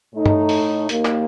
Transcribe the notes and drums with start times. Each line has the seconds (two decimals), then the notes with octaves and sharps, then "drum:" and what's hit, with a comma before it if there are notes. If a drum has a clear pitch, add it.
0.14 A2 A3 D#4
0.26 drum: tom G2
0.49 drum: open hi-hat
0.89 D#2 D#3 A#3, drum: hi-hat
1.05 drum: clap